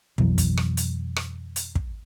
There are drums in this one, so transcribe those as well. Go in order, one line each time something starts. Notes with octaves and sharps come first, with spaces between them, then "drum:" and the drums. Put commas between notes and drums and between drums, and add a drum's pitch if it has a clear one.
F2 B2 E3 F#3, drum: kick
drum: kick, hi-hat
drum: rim click
drum: hi-hat
drum: rim click
drum: hi-hat
drum: kick